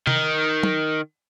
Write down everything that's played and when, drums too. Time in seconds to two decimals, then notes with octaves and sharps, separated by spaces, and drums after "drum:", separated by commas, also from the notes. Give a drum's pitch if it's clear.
0.07 D#3, drum: tom
0.63 drum: tom